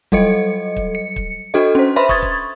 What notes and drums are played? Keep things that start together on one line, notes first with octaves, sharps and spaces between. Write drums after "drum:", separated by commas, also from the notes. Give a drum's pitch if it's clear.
F#3 G3 A4 D#5 C#7, drum: kick
drum: kick
C#7
drum: kick
D4 F#4 A4 D#5
C#4 C5
B4 C5 E5 B5 C6
C#6 D#6 G#6 A6, drum: kick
drum: kick